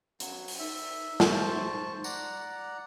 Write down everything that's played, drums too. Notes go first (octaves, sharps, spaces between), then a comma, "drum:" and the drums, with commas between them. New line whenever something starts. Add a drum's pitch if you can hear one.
F#3, drum: hi-hat
drum: open hi-hat
D#4 E5
C5 A5 C#6, drum: snare
D5 F#5 A#5, drum: tambourine